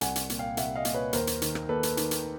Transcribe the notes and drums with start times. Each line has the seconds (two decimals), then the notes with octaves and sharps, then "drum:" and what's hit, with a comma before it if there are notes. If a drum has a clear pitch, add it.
0.01 C2 F#5 G#5, drum: hi-hat
0.16 drum: hi-hat
0.30 A#2, drum: hi-hat
0.39 F5 G5
0.57 C2 E5 F#5, drum: hi-hat
0.76 D#5 F5
0.85 A#2, drum: hi-hat
0.94 B4 C#5
1.13 D#2 A#4 C5, drum: hi-hat
1.27 drum: hi-hat
1.42 D#3, drum: hi-hat
1.55 drum: rim click
1.69 D#2 A4 B4
1.83 drum: hi-hat
1.97 D#3, drum: hi-hat
2.11 drum: hi-hat